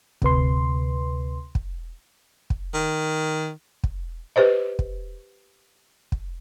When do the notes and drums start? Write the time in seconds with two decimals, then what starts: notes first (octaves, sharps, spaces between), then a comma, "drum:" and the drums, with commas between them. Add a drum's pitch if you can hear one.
0.22 D2 C3 B4 C6, drum: kick
1.55 drum: kick
2.50 drum: kick
2.74 D#3
3.84 drum: kick
4.36 G4 B4 C5 D#5
4.79 drum: kick
6.12 drum: kick